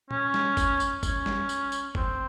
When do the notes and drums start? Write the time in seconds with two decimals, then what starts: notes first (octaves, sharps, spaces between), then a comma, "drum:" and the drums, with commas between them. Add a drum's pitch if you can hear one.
0.11 C#4, drum: tom A#2
0.34 drum: snare
0.57 drum: kick F#1, tambourine
0.80 drum: tambourine
1.03 C#4, drum: kick F#1, tambourine
1.26 drum: snare
1.49 drum: tambourine
1.72 drum: tambourine
1.95 C4, drum: kick F#1